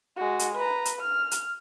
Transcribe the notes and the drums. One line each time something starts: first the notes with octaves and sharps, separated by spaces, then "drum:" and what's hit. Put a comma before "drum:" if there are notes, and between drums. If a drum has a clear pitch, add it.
G#3 F#4
drum: hi-hat
B4 A#5
drum: hi-hat
F6
drum: hi-hat